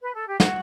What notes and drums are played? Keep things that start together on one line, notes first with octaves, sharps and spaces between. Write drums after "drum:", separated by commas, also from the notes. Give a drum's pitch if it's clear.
B4
A4
G4
F#4, drum: snare